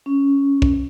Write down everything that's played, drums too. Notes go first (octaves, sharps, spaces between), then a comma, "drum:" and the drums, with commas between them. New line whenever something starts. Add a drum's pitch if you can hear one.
C#4
drum: kick A#1